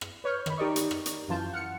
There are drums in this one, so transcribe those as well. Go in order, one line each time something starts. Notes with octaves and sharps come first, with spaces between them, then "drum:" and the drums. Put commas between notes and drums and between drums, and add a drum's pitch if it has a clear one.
drum: rim click
B4 C#5 C#6 F6 G6
D#3 B5, drum: rim click
D#4 G4 A#4 D5 D#5 C#6
drum: hi-hat
drum: rim click
drum: hi-hat
F#2 E3 F4 A5 G6
F#5 F6 C#7